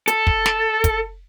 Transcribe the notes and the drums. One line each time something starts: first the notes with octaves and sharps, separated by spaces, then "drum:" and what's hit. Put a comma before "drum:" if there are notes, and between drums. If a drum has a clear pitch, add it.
A4, drum: hi-hat
drum: kick
drum: snare
drum: kick, hi-hat